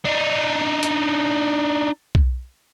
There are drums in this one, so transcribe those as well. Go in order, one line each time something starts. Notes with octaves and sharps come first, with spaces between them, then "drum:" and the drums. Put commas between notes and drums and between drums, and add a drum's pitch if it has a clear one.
D4 D#4
drum: hi-hat
drum: kick B1